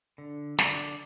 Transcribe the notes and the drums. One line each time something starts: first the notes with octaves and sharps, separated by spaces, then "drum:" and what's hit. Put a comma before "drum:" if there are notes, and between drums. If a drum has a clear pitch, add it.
D3
D3 D5, drum: snare